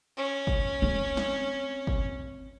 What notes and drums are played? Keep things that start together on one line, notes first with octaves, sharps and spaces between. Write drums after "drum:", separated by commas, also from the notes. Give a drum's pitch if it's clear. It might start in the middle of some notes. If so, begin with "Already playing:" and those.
C#4
drum: kick G1
C4
drum: snare
drum: kick G1